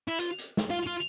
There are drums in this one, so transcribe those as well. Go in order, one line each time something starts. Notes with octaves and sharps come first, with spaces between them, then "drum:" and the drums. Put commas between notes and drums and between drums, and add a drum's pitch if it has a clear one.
E4
F4, drum: hi-hat
drum: hi-hat
drum: snare
F4
F4